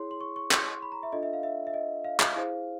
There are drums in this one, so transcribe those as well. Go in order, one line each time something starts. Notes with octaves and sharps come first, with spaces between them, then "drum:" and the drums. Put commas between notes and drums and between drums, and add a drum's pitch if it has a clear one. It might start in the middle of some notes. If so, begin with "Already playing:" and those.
Already playing: E4 G#4 C#5 C6
C6
C#6
C#6
C6, drum: clap
B5
A#5
E5
D4 F4 A4 D#5
E5
F5
E5
E5
D#5
F5
drum: clap
E4 G#4 C5 F5